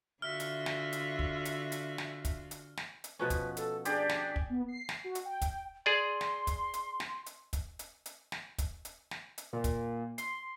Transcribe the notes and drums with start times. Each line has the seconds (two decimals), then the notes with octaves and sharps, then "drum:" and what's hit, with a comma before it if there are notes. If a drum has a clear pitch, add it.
0.22 D3 F4 F#4 E5 F6
0.40 drum: hi-hat
0.66 drum: snare
0.93 drum: hi-hat
1.19 drum: kick
1.45 drum: hi-hat
1.72 drum: hi-hat
1.98 drum: snare
2.25 drum: kick, hi-hat
2.51 drum: hi-hat
2.77 drum: snare
3.04 drum: hi-hat
3.19 B2 F3 C#4 B4
3.30 drum: kick, hi-hat
3.57 A4, drum: hi-hat
3.85 D4 G4 G#4 D5, drum: hi-hat
4.09 drum: snare
4.36 drum: kick
4.50 B3
4.68 C7
4.89 drum: snare
5.04 F#4
5.15 drum: hi-hat
5.25 G5
5.41 drum: kick, hi-hat
5.86 G#4 D5 C6
6.21 drum: snare
6.47 drum: kick, hi-hat
6.74 drum: hi-hat
7.00 drum: snare
7.26 drum: hi-hat
7.53 drum: kick, hi-hat
7.79 drum: hi-hat
8.06 drum: hi-hat
8.32 drum: snare
8.58 drum: kick, hi-hat
8.85 drum: hi-hat
9.11 drum: snare
9.38 drum: hi-hat
9.53 A#2
9.64 drum: kick, hi-hat
10.18 C6, drum: hi-hat